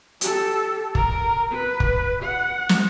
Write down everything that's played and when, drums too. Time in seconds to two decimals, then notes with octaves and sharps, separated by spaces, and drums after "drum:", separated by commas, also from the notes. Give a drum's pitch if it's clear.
0.21 G4 A4, drum: hi-hat
0.95 A#4, drum: kick
1.52 B4
1.80 drum: kick
2.23 F#5
2.69 drum: snare